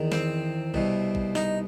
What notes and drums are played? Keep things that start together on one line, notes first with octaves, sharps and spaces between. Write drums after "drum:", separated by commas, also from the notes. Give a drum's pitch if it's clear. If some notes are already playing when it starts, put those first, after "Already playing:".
Already playing: E2 D#3
C4, drum: snare
C2 B2, drum: kick
drum: kick
D#4, drum: snare